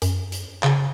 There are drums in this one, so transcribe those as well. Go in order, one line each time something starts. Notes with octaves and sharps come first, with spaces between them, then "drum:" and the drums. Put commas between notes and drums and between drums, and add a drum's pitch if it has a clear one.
F#2, drum: hi-hat
drum: hi-hat
C#3, drum: clap